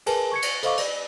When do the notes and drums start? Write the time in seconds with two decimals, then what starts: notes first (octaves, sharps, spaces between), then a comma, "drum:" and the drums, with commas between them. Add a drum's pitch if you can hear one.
0.06 G#4 A#4 B4 G#5 A5, drum: cymbal
0.32 C#6 G#6 C#7
0.42 drum: cymbal
0.63 A4 C5 D#5 F5 C#6 D6, drum: cymbal
0.77 D5, drum: cymbal